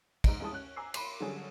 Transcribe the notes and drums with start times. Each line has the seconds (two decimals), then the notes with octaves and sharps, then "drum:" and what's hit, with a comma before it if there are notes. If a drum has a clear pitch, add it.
0.24 G#2 D#5 A#5 D7, drum: kick, cymbal
0.40 A1 G2 G#3 E4 A5 D#6
0.52 C#4 F#6
0.76 G#5 A#5 D6 E6 C7
0.94 B5 C6 D6, drum: cymbal
1.20 D3 F#3 G3 C#4 G#4